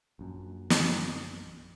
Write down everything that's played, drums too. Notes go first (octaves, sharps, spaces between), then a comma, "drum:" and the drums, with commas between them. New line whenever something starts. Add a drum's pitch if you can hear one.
A#1 F#2
drum: snare